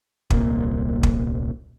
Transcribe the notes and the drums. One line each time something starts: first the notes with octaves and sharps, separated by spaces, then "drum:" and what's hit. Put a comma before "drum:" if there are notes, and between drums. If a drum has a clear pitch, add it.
D#1 C2 A#2, drum: kick
drum: kick